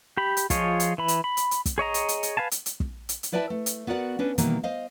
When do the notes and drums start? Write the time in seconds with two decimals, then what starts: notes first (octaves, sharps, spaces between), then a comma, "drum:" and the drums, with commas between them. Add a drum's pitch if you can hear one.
0.17 G4 B5
0.37 drum: hi-hat
0.50 F3 F4 G#4 C#5 D#5, drum: kick, hi-hat
0.80 drum: hi-hat
0.98 E3 B5
1.08 drum: hi-hat
1.24 B5
1.37 drum: hi-hat
1.51 drum: hi-hat
1.66 drum: kick, hi-hat
1.78 G#4 C#5 D#5 A#5
1.94 drum: hi-hat
2.09 drum: hi-hat
2.23 drum: hi-hat
2.37 B4 F5 G#5 A5
2.51 drum: hi-hat
2.66 drum: hi-hat
2.80 drum: kick
3.09 drum: hi-hat
3.23 drum: hi-hat
3.32 E4 B4 D5 E5 G5 A5
3.50 A3
3.66 drum: hi-hat
3.87 B3 F#4 A#4 D5 F#5
4.19 C#4 D4 B4
4.38 B2 D#3 E3 G3 A#3, drum: hi-hat
4.63 C5 D#5 F5